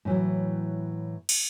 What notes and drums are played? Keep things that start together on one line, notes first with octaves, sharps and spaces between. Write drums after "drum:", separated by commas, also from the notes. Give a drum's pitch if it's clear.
A2 E3 F#3
drum: cymbal